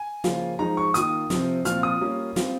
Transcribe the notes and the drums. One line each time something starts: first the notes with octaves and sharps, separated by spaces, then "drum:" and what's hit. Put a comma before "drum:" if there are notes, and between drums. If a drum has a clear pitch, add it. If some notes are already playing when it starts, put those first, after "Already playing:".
Already playing: G#5
C#3 F3 A#3 F4, drum: snare
F3 G#3 D#4 A#5
C#6
D#3 A#3 F4 D#6, drum: hi-hat
C3 F3 C4, drum: snare
A#2 F3 C4 F4 F6, drum: hi-hat
D#6
G3 A#3 C#4 F4
G3 C4 F4, drum: snare